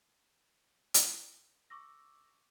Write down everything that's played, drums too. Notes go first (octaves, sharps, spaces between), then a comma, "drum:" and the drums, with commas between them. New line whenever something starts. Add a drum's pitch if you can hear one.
drum: hi-hat
C#6 D6 E6 A#6